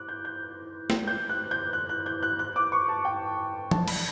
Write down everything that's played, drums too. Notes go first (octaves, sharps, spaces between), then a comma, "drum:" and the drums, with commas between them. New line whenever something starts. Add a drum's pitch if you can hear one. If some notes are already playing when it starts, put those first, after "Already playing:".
Already playing: D6 F#6
G6
G6
drum: snare
G6
F#6
G6
F#6
F#6
G6
F#6
F#6
D6
C#6
A5
G5
A5, drum: tom
B5, drum: cymbal